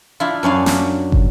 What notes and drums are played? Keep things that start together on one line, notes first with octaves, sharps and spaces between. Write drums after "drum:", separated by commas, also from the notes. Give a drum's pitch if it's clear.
D4 E4 F4
F#2 C#4 D4 F5
drum: snare
drum: kick